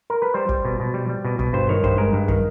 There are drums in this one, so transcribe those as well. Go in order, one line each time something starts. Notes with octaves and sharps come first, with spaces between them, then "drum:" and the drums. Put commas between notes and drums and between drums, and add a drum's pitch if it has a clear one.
A#4
B4
G3 C5
G3, drum: kick
B2
B2
G3
G3
B2
B2, drum: kick
G2 C5
D#3 C#5
G2 C5, drum: kick
G#3 A#4
G2
D#3, drum: kick